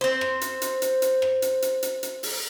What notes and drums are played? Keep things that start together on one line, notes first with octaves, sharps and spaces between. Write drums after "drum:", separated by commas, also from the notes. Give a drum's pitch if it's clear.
C4 C5
drum: rim click
drum: hi-hat
drum: hi-hat
drum: hi-hat
drum: hi-hat
drum: rim click
drum: hi-hat
drum: hi-hat
drum: hi-hat
drum: hi-hat
drum: open hi-hat